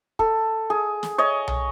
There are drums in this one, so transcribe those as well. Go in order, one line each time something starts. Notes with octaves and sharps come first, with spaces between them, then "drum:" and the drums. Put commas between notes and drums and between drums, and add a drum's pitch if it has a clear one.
A4, drum: kick
G#4
drum: snare
C#5 D#5
drum: tom B1